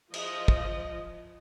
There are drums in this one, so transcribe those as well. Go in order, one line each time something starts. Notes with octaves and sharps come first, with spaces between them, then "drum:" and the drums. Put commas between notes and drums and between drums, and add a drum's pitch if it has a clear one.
F3 D#5, drum: cymbal
drum: kick